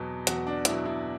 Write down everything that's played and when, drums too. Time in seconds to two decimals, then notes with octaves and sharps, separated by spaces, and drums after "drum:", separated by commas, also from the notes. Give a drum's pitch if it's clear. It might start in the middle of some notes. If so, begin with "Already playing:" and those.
Already playing: E2 B2 F#3
0.27 E2 F#4, drum: hi-hat
0.47 D4
0.65 B2 F#3 E4, drum: hi-hat
0.85 E4